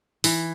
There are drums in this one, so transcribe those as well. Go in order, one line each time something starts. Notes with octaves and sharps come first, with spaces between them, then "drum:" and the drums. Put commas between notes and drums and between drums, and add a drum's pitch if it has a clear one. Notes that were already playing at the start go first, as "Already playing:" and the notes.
E3, drum: open hi-hat